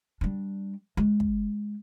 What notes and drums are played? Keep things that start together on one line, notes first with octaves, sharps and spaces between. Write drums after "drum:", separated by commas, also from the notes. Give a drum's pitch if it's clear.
G3 D4
G#3
drum: kick